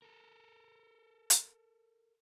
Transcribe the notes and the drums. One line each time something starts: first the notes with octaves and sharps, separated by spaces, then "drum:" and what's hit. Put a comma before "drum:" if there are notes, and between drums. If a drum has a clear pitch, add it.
A4 A#4
drum: hi-hat